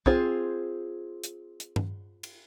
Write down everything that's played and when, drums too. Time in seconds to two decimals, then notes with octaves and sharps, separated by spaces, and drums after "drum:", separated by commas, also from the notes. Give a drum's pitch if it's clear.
0.06 C4 F4 G#4 C5, drum: kick
1.24 drum: hi-hat
1.60 drum: hi-hat
1.76 drum: tom G2
2.23 drum: cymbal